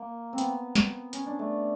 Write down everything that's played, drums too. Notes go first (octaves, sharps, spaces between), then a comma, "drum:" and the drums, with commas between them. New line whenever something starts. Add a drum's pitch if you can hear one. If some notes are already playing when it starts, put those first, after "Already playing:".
Already playing: A#3
C4
B3, drum: hi-hat
drum: snare
C#4, drum: hi-hat
D4
A3